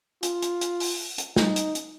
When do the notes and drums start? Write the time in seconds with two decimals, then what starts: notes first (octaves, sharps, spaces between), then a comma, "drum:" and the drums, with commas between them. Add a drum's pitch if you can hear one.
0.23 F4, drum: hi-hat
0.42 drum: hi-hat
0.61 drum: hi-hat
0.80 drum: open hi-hat
1.18 drum: hi-hat
1.36 D#4, drum: snare
1.56 drum: hi-hat
1.75 drum: hi-hat